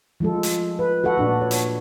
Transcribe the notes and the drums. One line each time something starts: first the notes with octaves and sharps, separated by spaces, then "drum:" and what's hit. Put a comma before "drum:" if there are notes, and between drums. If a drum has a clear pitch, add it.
F3 G#3 F4 A4
drum: hi-hat
B4
F#4 A4 B4 F#5
A#2 D4 B4
C#5
drum: hi-hat